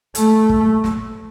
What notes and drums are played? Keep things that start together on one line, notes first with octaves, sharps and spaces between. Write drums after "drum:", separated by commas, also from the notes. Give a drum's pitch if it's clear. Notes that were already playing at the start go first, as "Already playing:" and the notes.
A3, drum: hi-hat
drum: kick
drum: snare